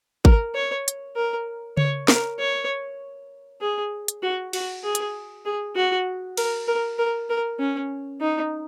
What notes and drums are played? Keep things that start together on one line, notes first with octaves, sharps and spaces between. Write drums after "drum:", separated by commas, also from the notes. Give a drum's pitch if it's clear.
A#4, drum: kick
C#5
drum: hi-hat
A#4
C#5, drum: tom C#3
A#4, drum: snare
C#5
G#4
drum: hi-hat
F#4
F#4, drum: cymbal
G#4
drum: hi-hat
G#4
F#4
A#4, drum: cymbal
A#4
A#4
A#4
C#4
D#4